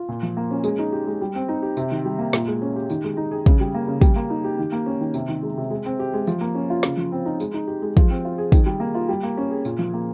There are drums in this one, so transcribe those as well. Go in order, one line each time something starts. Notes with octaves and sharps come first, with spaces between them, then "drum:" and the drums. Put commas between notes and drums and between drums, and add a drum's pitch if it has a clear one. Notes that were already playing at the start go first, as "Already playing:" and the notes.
Already playing: F4
A#2
F3
A#3
C#4
G#3, drum: tambourine
D#4
G4
G#3
G3
C4
D#4
G4
C3, drum: tambourine
D#3
G3
A#3
A#2, drum: snare
G#3
C#4
G4
D#3, drum: tambourine
G#3
D#4
G#4
C#3, drum: kick
G3
A#3
C#3
G3, drum: kick, tambourine
A#3
D#4
G4
D#3
A#3
C#4
D#3
C3, drum: tambourine
D#3
G#3
C3
G#3
C4
G4
G#3
F3, drum: tambourine
A#3
C#4
F4
C#3, drum: snare
F3
C4
D#4
G#3, drum: tambourine
D#4
G4
G#3
F3, drum: kick
C4
F4
G#4
D#3, drum: kick, tambourine
G3
A#3
F4
G3
A#3
C#4
G#4
A#2, drum: tambourine
F3
A#3